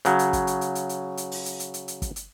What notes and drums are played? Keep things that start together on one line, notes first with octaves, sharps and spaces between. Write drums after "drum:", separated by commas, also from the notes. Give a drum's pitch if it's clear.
C#3 F#3, drum: hi-hat
drum: hi-hat
drum: kick, hi-hat
drum: hi-hat
drum: hi-hat
drum: hi-hat
drum: hi-hat
drum: hi-hat
drum: open hi-hat
drum: hi-hat
drum: hi-hat
drum: hi-hat
drum: hi-hat
drum: kick, hi-hat
drum: hi-hat